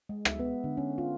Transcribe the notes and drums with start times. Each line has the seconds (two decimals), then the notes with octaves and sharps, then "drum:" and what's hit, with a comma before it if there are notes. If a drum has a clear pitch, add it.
0.09 G#3
0.25 E5, drum: rim click
0.39 B3
0.64 D3
0.77 C#4
0.98 F4